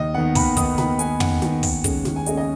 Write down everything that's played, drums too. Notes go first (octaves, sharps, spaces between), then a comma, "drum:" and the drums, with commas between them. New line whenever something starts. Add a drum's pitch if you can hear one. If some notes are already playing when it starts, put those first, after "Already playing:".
Already playing: D#2 D#5
D#3 B3 F#5
D#2 B5, drum: kick, open hi-hat
D#3 B3 D#6, drum: kick, hi-hat
D#2 B5, drum: snare
D#3 B3 G#5, drum: hi-hat
D#2 F#5, drum: tom
D#3 B3, drum: snare
D#2, drum: kick, open hi-hat
C#3 G#3 C#4, drum: kick, hi-hat
D#2, drum: snare
G#5
C#3 G#3 C#4 D#5, drum: hi-hat
D#5